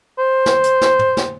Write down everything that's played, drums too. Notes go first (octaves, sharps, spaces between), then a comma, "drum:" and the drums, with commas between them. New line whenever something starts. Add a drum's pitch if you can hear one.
C5
drum: snare
drum: hi-hat
drum: snare
drum: tom
drum: snare